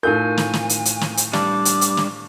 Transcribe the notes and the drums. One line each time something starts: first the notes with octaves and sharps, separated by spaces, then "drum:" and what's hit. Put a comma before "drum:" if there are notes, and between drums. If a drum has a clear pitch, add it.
A2 D#4 F4 A4 A#4 G#5 G6
drum: snare
drum: snare
drum: hi-hat
drum: hi-hat
drum: snare
drum: hi-hat
G3 D4 D6, drum: snare
drum: hi-hat
drum: hi-hat
drum: snare